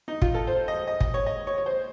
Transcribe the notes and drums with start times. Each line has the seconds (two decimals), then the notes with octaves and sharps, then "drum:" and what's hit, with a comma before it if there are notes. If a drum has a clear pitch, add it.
0.08 D#4
0.22 F4, drum: kick
0.34 A4
0.47 C5
0.68 D#5
0.87 D#5
1.00 D#5, drum: kick
1.14 C#5
1.26 D#5
1.47 C#5
1.58 C#5
1.66 C5